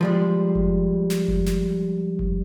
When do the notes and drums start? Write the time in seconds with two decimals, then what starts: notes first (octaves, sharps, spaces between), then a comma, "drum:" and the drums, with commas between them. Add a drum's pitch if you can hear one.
0.01 F3 G3 G#3
0.55 drum: kick F#1
1.10 drum: snare
1.28 drum: kick F#1
1.46 drum: snare
2.19 drum: kick F#1